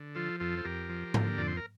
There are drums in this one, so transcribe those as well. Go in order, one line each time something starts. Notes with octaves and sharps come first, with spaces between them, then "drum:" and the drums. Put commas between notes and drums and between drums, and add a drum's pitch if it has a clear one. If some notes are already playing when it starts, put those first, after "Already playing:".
Already playing: D3
F3 F4 A4
F2 F4 A4
C5
F2 G4 A#4
F3
D3, drum: tom G#2
F2 D5
C5
A#4